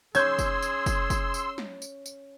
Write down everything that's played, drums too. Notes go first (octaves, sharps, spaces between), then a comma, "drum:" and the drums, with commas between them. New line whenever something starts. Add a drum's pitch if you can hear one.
C#4 G#4 C6 E6 G6 G#6, drum: tambourine
drum: kick, tambourine
drum: tambourine
drum: kick, tambourine
drum: kick, tambourine
drum: tambourine
drum: snare
drum: tambourine
drum: tambourine